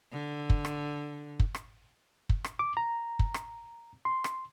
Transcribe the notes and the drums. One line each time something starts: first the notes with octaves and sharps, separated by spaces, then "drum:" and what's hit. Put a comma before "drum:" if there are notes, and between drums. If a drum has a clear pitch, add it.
D3
drum: kick
drum: rim click
drum: kick
drum: rim click
drum: kick
drum: rim click
D6
A#5
drum: kick
drum: rim click
C6
drum: rim click